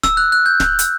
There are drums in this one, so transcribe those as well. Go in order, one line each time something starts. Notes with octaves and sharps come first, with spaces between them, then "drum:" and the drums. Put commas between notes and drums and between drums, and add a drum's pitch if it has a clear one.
E6, drum: snare
F#6
F#6
G6
drum: snare
drum: hi-hat